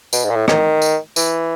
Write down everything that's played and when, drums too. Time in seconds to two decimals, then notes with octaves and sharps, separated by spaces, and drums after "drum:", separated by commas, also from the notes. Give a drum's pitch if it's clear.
0.13 B2, drum: tambourine
0.24 G#2
0.30 A#2
0.36 A2
0.48 D#3, drum: rim click
0.82 drum: tambourine
1.16 E3, drum: tambourine